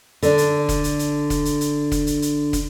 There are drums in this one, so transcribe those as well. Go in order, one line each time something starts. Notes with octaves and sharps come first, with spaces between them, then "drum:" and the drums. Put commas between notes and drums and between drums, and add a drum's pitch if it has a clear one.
D3 D4, drum: hi-hat
drum: hi-hat
drum: kick, hi-hat
drum: hi-hat
drum: hi-hat
drum: kick, hi-hat
drum: hi-hat
drum: hi-hat
drum: kick, hi-hat
drum: hi-hat
drum: hi-hat
drum: kick, hi-hat